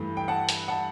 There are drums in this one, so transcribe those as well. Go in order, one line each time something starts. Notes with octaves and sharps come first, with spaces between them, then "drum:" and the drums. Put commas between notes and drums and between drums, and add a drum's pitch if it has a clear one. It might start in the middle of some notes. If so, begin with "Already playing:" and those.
Already playing: G2 E3 A3
G5
F#5 A5
drum: hi-hat
F#5 A5